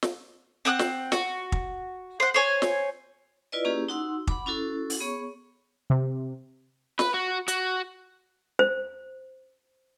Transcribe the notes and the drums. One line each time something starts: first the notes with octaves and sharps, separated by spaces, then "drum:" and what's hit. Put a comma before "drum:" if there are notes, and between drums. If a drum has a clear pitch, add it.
drum: snare
C4 F#5 D#6 F#6
drum: snare
F#4, drum: snare
drum: kick
C5 F#5
C5 C#5 G#5
drum: snare
E4 F4 B4 D5 D#5
A#3 C#4 E4 G4 G#4
D#4 F#4 F#5 C6 E6
F#5 B5 D6, drum: kick
C#4 E4 F#4 A4
drum: open hi-hat
B3 G#4 C#5 C#6
C3
B4, drum: snare
F#4
F#4, drum: hi-hat
C5